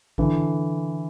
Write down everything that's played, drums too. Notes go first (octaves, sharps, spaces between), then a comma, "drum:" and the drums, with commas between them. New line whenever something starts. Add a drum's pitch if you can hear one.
D3 E3, drum: kick A1